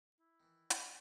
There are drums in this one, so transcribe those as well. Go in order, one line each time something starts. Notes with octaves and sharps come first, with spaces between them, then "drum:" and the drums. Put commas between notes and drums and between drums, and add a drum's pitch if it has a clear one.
E4
D#3 E3
D5 F5 F#5, drum: hi-hat